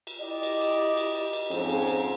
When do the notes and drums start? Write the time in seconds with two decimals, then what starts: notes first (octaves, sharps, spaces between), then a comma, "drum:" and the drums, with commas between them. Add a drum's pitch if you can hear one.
0.07 drum: cymbal
0.21 E4 G4 D5 D#5
0.43 drum: cymbal
0.61 drum: cymbal
0.97 drum: cymbal
1.15 drum: cymbal
1.33 drum: cymbal
1.51 F2 G#2 F3 C4 C#4 G#4, drum: cymbal
1.69 drum: cymbal
1.87 drum: cymbal